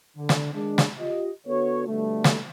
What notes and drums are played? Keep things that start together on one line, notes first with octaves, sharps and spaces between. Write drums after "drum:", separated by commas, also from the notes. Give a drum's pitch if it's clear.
D3
drum: snare
D#3 G#3 D4
drum: snare
F4 G4 D#5
D3 B3 F#4 A4 C#5
B2 D3 G3 A3
drum: snare